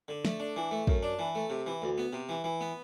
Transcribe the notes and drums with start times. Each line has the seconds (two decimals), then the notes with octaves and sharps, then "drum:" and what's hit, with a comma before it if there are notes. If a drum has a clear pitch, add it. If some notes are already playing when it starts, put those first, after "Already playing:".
0.08 D3
0.25 A3, drum: snare
0.40 D4
0.56 E3
0.71 A3
0.87 F#2, drum: kick
1.03 D4
1.19 E3
1.35 A3
1.50 C3
1.66 E3
1.82 D2
1.98 B3
2.13 C3
2.29 E3
2.44 E3
2.61 B3